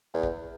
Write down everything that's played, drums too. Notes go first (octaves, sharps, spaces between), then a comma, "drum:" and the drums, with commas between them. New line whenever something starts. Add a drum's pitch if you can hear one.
E2
drum: kick A1